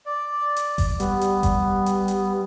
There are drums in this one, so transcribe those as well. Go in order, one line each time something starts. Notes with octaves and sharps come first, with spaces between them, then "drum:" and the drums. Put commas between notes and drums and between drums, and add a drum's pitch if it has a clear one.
D5
drum: hi-hat
drum: kick G1, open hi-hat
G3 B3, drum: hi-hat
drum: hi-hat
drum: kick G1, hi-hat
drum: hi-hat
drum: hi-hat